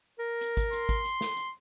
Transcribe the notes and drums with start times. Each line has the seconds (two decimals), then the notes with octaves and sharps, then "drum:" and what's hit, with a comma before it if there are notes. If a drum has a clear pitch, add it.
0.19 A#4
0.41 drum: hi-hat
0.57 drum: kick G#1, hi-hat
0.73 C6, drum: hi-hat
0.89 drum: kick G#1, hi-hat
1.05 drum: hi-hat
1.21 drum: snare
1.37 drum: hi-hat